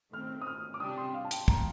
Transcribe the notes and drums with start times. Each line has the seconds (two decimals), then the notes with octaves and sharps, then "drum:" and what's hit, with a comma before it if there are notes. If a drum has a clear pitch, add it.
0.13 D#3 A3 C4 F6
0.41 D#6
0.47 F6
0.74 D6
0.80 C3 G3 D4 G4 D#6
0.97 C6
1.14 F5
1.24 A5
1.31 G5, drum: hi-hat
1.48 A#5, drum: kick